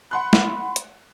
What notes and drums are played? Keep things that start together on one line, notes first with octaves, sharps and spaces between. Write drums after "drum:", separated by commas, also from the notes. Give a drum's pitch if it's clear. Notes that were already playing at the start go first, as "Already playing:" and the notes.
F#5 B5 C6 F#6
drum: snare
drum: hi-hat